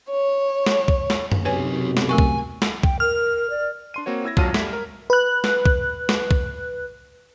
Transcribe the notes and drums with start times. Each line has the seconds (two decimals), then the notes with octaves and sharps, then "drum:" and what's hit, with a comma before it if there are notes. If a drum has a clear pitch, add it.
0.10 C#5
0.66 drum: snare
0.88 drum: kick
1.10 drum: snare
1.32 drum: tom F#2
1.45 B1 F#2 C3 G4 A#4 B4 C#5 G#5
1.97 drum: snare
2.09 A3 A#4 G#5 C#6
2.18 drum: kick
2.62 drum: snare
2.83 G5, drum: kick
3.00 A#4 F6
3.50 D5
3.94 D4 C6 D#7
4.06 A#3 C4 F#4 C#5
4.24 E4 E6 G#6 A#6
4.37 G#1 F#3 F4 A5 F6 D#7, drum: kick
4.54 G3 A3 E5 B6, drum: snare
4.73 A#4
5.10 B4 F#6
5.44 drum: snare
5.66 drum: kick
6.09 drum: snare
6.31 drum: kick